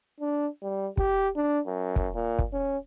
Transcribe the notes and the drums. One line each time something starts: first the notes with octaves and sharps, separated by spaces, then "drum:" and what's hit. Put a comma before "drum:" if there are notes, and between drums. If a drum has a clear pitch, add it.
D4
G3
G4, drum: kick
D4
F#2
drum: kick
A#2
drum: kick
C#4